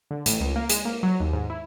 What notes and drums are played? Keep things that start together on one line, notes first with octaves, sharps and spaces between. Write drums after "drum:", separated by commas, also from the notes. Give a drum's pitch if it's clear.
D3
A1, drum: hi-hat
C#2
A#3
G#3, drum: hi-hat
A#3
F#3
D#2
G#2
E4